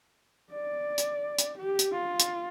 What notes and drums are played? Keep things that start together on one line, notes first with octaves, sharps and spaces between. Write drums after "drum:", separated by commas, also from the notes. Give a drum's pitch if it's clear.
D5
drum: hi-hat
drum: hi-hat
G4
drum: hi-hat
F4
drum: hi-hat